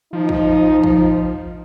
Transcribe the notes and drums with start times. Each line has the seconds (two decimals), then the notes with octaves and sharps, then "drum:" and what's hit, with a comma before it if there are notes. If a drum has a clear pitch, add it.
0.13 F3 D#4
0.29 drum: kick
0.84 drum: kick